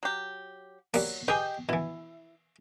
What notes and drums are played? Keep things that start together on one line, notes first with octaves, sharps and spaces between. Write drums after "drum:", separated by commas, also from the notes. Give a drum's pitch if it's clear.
F#3 G4
F#3 G3 A#3, drum: cymbal
G4 G#4 B4 D#5 G5
B2 E3 E4